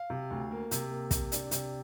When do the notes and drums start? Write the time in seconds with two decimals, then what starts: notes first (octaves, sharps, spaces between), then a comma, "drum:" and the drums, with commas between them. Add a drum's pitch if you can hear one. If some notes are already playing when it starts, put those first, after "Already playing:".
Already playing: F5
0.10 C3
0.31 D2
0.51 A#3
0.71 C3, drum: hi-hat
0.90 A#3
1.11 C3, drum: kick, hi-hat
1.32 D4, drum: hi-hat
1.51 C3, drum: hi-hat